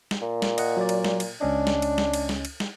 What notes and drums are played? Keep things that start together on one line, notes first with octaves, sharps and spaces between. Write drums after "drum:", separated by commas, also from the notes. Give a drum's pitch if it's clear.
drum: snare
A#2
drum: snare
D#5 F#5, drum: cymbal
F#3 D5
drum: cymbal
drum: snare
drum: cymbal
C#2 C#4 D4 D#5
drum: snare
drum: cymbal
drum: snare
drum: cymbal
drum: snare
drum: cymbal
drum: snare